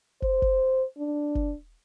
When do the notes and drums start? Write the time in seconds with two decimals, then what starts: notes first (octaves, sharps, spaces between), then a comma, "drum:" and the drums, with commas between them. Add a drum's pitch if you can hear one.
0.22 C5, drum: kick
0.42 drum: kick
0.98 D4
1.35 drum: kick